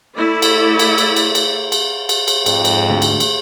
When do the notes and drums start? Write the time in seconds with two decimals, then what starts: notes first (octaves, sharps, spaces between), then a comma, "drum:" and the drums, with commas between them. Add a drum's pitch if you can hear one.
0.16 A3 E4 D5
0.42 drum: cymbal
0.79 drum: cymbal
0.98 drum: cymbal
1.16 drum: cymbal
1.35 drum: cymbal
1.72 drum: cymbal
2.09 drum: cymbal
2.28 drum: cymbal
2.46 F2 G#2, drum: cymbal
2.65 drum: cymbal
2.90 D2
3.02 drum: cymbal
3.20 drum: cymbal